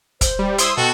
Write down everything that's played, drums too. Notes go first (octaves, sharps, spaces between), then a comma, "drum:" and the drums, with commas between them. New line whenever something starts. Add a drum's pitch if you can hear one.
C5, drum: kick, hi-hat
G3
E4 C5 C6 D#6 E6, drum: hi-hat
B2 F#4 A4 G5